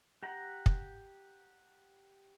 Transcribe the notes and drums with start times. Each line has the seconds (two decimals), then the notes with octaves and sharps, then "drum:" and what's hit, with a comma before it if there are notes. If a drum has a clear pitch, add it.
0.23 G4 F#5 A#5
0.66 drum: kick